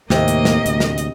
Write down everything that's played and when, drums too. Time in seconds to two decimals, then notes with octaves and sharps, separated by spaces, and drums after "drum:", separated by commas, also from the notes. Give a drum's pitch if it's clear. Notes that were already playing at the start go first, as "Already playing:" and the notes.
0.10 D#2 A2 C3 A#3 D#5, drum: snare
0.28 drum: hi-hat
0.45 drum: snare
0.66 D2, drum: hi-hat
0.80 drum: snare
0.98 drum: hi-hat